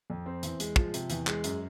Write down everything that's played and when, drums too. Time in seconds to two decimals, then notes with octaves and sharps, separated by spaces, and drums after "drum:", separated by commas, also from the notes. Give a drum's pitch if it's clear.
0.10 F2
0.26 C4
0.43 E2, drum: hi-hat
0.60 G#3, drum: hi-hat
0.76 F3, drum: kick
0.94 C3, drum: hi-hat
1.10 E2, drum: hi-hat
1.27 G#3, drum: clap
1.44 F#2, drum: hi-hat